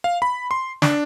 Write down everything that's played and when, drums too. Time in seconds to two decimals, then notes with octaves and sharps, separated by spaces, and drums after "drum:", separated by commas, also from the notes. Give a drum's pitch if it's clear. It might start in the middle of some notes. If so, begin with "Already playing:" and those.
0.04 F5
0.22 B5
0.51 C6
0.82 D4, drum: snare